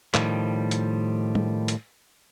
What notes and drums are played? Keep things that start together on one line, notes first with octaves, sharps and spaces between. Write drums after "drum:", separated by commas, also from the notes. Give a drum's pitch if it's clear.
A2 D#3 F3 G3, drum: clap
drum: hi-hat
drum: tom
drum: hi-hat